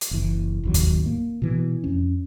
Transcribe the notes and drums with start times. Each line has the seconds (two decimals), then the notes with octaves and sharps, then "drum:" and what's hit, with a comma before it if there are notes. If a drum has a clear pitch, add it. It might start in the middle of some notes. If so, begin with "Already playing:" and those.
0.01 drum: hi-hat
0.11 F#1 E3
0.63 G#1 D#2 F#3
0.74 drum: kick D#2, hi-hat
1.06 A#3
1.42 B2 E3
1.84 F2 C#4